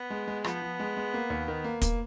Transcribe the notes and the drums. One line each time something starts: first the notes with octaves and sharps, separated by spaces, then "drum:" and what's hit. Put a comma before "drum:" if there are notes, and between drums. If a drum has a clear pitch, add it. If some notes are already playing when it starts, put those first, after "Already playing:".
Already playing: B3
G#3
G#3
F3 B3, drum: rim click
F3
G#3
G#3
A#3
D#2
D#3
A#3
A#3, drum: kick, hi-hat